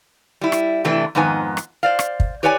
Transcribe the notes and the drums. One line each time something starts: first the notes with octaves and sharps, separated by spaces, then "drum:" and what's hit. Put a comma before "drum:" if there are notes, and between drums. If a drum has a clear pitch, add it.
G3 E4
drum: rim click
C3 E3 A3 D4 E4
F2 G#2 D#3 B3 G#5
drum: rim click
C5 D5 F5
drum: rim click
drum: kick
G4 B4 C#5 D5 G5 G#5